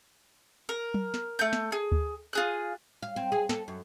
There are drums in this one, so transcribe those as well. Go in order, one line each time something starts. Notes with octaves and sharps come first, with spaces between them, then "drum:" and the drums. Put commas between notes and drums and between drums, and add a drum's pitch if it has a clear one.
A#4
drum: tom F#3
drum: snare
A3 G6
drum: snare
G#4
drum: kick D2
F4 G#4 F#6
F5
C4
G#4
A4, drum: snare
F#2